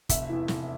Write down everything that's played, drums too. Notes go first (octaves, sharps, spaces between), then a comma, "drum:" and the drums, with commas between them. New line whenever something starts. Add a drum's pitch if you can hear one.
F1 E5, drum: kick, hi-hat
E2 E3
F1, drum: snare